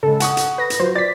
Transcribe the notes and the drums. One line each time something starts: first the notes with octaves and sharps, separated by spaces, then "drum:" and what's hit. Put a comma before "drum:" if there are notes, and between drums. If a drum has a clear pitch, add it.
C#3 G#3 A4
F#5 C#6 D#6, drum: hi-hat
drum: hi-hat
B4 A#6
drum: hi-hat
F#3 F4 C5
D5 A6 B6